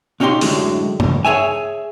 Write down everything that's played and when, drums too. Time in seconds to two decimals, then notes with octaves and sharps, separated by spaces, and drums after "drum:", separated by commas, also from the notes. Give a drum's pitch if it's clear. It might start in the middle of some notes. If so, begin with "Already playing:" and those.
0.20 A#2 C#4 D#4 G4 C6
0.41 F#2 A2 D3 F#3 G#3 A3, drum: open hi-hat
1.00 C#2, drum: tom G2
1.25 G#4 C#5 E5 G#5